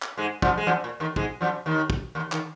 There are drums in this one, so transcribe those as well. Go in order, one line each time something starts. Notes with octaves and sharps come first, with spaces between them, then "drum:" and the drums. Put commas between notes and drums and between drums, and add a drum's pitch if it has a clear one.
drum: clap
G#2 G#3
F2 F3, drum: kick
G#3
F2 F3
A#2
D#2 D#3
G#2 G#3, drum: kick
F2 F3
D#2 D#3
drum: kick
D#2 D#3
D#3, drum: clap